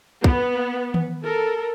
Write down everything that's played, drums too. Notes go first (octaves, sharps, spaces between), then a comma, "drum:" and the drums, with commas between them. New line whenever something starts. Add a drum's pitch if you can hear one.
B3, drum: kick
drum: tom D#3
A4 A#4